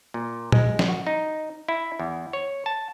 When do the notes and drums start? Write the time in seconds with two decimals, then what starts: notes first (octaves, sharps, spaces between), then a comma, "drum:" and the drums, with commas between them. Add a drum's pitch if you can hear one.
0.14 A#2
0.52 G#3, drum: tom
0.79 drum: snare
0.88 F#4
1.07 D#4
1.68 E4
1.99 E2
2.33 C#5
2.66 A5